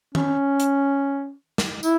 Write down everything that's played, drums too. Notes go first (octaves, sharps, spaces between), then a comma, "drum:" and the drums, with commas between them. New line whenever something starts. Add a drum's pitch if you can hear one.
C#4, drum: tom
drum: hi-hat
drum: snare
E4, drum: tambourine